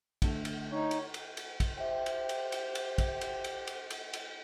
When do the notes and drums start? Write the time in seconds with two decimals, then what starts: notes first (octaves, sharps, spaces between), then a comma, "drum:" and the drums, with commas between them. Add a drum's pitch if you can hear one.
0.22 D3 A3, drum: kick, cymbal
0.45 drum: cymbal
0.72 D#4 C#5
0.91 drum: cymbal
1.14 drum: cymbal
1.37 drum: cymbal
1.60 drum: kick, cymbal
1.78 G4 C5 E5 G5
2.06 drum: cymbal
2.29 drum: cymbal
2.52 drum: cymbal
2.75 drum: cymbal
2.98 drum: kick, cymbal
3.21 drum: cymbal
3.44 drum: cymbal
3.67 drum: cymbal
3.90 drum: cymbal
4.13 drum: cymbal